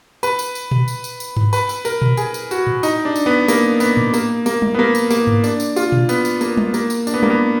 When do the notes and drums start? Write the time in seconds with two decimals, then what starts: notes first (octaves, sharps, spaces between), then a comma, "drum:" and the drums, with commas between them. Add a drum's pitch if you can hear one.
0.23 B4, drum: tambourine
0.39 drum: tambourine
0.55 drum: tambourine
0.71 drum: tom A#2
0.88 drum: tambourine
1.04 drum: tambourine
1.20 drum: tambourine
1.37 drum: tom G2
1.53 B4, drum: tambourine
1.69 drum: tambourine
1.85 A#4, drum: tambourine
2.02 drum: tom A#2
2.17 G#4, drum: tambourine
2.34 drum: tambourine
2.51 F#4, drum: tambourine
2.67 drum: tom A2
2.83 D#4, drum: tambourine
3.05 D4
3.16 drum: tambourine
3.26 B3
3.48 A#3, drum: tambourine
3.80 B3, drum: tambourine
3.97 drum: tom A2
4.14 A#3, drum: tambourine
4.46 A#3, drum: tambourine
4.62 drum: tom G3
4.74 B3
4.79 A#3
4.95 drum: tambourine
5.10 A#3, drum: tambourine
5.27 drum: tom G2
5.44 D4, drum: tambourine
5.60 drum: tambourine
5.76 F4, drum: tambourine
5.92 drum: tom A#2
6.09 B3, drum: tambourine
6.25 drum: tambourine
6.41 A#3, drum: tambourine
6.57 drum: tom G3
6.74 A#3, drum: tambourine
6.90 drum: tambourine
7.07 D4, drum: tambourine
7.14 B3
7.23 A#3, drum: tom G3
7.30 B3